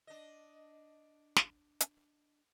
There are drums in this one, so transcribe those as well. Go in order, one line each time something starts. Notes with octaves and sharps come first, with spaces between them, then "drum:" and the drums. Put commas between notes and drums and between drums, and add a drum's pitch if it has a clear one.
D4 D#5
drum: snare
drum: hi-hat